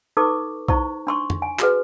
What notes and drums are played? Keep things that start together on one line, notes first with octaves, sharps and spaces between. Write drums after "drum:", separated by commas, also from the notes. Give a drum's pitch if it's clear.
D#4 A4 B4 C#6 D6
D#4 E4 C5 C#6, drum: kick B1
D4 C6 C#6
drum: tom
G#5
F#4 G#4 B4, drum: clap